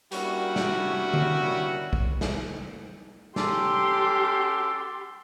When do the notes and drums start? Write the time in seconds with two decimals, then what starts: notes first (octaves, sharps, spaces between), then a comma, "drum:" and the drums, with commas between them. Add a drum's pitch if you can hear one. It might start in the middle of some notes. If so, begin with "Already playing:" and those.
0.12 G3 A#3 C#4 D4 E4 F#4, drum: hi-hat
0.56 drum: snare
1.13 drum: tom D3
1.93 drum: kick
2.21 drum: snare
3.36 C#4 G4 A4 C6 D6, drum: snare